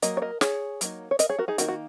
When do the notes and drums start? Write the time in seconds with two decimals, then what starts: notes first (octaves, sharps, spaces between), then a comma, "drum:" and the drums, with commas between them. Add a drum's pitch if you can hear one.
0.02 F#3 A#3 D#5, drum: hi-hat
0.17 C#5
0.22 A#4 D#5
0.41 G#4 C#5, drum: snare
0.81 F#3 A#3 D#4, drum: hi-hat
1.11 C#5
1.19 A#4 D#5, drum: hi-hat
1.29 G#4 C#5
1.38 F#4 A#4
1.48 D#4 G#4
1.58 D#3 A#3 D#4 F#4, drum: hi-hat
1.68 F#4